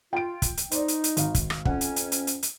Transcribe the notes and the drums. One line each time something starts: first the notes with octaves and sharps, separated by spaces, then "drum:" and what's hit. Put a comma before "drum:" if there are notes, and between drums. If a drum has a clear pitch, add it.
F4 G5 D7
drum: kick, hi-hat
drum: hi-hat
D#4 C5 D5, drum: hi-hat
drum: hi-hat
drum: hi-hat
G#1 F5, drum: hi-hat
drum: kick, hi-hat
drum: rim click
F2 C#4 F#5, drum: kick
drum: hi-hat
drum: hi-hat
drum: hi-hat
drum: hi-hat
drum: hi-hat